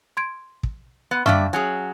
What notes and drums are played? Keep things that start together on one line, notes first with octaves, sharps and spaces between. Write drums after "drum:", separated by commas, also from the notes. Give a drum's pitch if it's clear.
C6 G#6 D7
drum: kick
B3
G3 D4 E5 F5 C#6 F6, drum: tom F#2
F#3 C#4 G#4